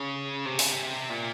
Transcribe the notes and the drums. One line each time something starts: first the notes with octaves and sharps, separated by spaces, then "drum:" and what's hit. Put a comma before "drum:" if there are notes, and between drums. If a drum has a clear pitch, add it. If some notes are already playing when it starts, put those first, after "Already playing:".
Already playing: C#3
C3
C#3, drum: open hi-hat
C3
A#2